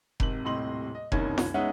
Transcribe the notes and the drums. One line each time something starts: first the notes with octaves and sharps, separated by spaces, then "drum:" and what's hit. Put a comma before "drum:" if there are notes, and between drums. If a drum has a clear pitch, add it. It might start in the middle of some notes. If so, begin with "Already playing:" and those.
G#1 C3 F#7, drum: kick F1
D#1 A2 C3 D#5 C6 F#7
D#5
F#1 C2 D#3 C#4 D#4 G#6, drum: kick F1
drum: snare
G#3 B3 C#4 D#4 E5 F#5